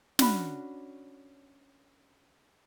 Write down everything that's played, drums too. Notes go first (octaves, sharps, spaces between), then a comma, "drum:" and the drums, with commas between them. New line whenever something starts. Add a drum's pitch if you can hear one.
C#4 D4 F#4 B5, drum: snare